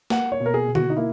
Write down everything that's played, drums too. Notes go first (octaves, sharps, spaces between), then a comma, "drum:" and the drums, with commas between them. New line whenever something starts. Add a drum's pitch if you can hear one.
A#3 F#5, drum: snare
C#5
B2
A#4
G#4
B2
F#4, drum: tom D3
D#4
A#3 E4